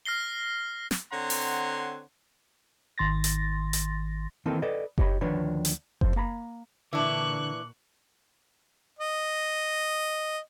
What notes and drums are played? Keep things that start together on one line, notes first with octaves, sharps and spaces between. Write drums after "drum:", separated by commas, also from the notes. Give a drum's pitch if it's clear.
F6 A#6 C7 G7
drum: snare
D3 C4 C#5 F#5 A#5 C6
drum: open hi-hat
G#1 D#3 C6 A6 A#6
drum: hi-hat
drum: hi-hat
D#3 E3 A#3 C4 D#4 A4
A4 B4 D5 D#5
D#4 G4 C#5 D#5 B5, drum: kick F#1
D2 D#3 F3 D4 B4 C#5
drum: hi-hat
F2 C5, drum: kick F#1
A#3 A#5 B5
A#2 D3 E3 D4 C#6 D6 F#6
D#5